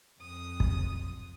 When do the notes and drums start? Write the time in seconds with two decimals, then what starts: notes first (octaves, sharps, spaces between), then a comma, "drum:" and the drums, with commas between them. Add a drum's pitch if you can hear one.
0.21 F2 D#6
0.60 drum: kick